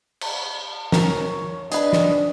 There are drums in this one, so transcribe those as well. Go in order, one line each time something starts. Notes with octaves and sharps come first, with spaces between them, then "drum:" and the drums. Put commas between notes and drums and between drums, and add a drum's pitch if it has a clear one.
drum: cymbal
A#4 C#5, drum: snare
D4 G#4 B4 D#5, drum: hi-hat
drum: snare